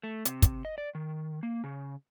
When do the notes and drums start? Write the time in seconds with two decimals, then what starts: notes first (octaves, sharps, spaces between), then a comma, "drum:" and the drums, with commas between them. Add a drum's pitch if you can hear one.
0.03 A3
0.25 C3, drum: hi-hat
0.42 drum: kick, hi-hat
0.65 D#5
0.78 D5
0.95 D#3
1.43 A#3
1.64 C#3